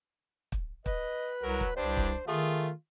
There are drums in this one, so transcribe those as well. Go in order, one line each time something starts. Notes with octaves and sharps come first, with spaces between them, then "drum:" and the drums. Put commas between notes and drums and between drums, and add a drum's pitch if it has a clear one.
drum: kick
B4 D#5, drum: kick
C2 F#3 A#4
drum: kick
C2 G2 D4 C5
drum: kick
D#3 A3 F4 G#4